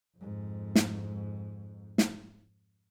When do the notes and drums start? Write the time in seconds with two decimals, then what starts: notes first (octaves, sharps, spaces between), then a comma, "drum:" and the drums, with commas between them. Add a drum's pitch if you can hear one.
0.17 F2 G#2
0.75 drum: snare
1.98 drum: snare